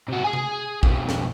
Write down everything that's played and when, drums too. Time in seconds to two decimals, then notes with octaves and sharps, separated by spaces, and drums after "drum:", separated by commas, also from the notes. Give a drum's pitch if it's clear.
0.08 C3 F#4
0.24 G#4 G#5
0.33 drum: tom C3
0.83 F2 B2, drum: kick
1.09 drum: snare